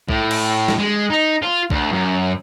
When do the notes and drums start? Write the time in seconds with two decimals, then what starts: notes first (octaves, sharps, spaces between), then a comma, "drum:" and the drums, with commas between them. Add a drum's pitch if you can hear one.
0.09 A2, drum: kick B1
0.31 drum: cymbal
0.68 drum: snare
0.79 G#3
1.10 D#4
1.42 F4
1.70 D2, drum: kick B1
1.92 F#2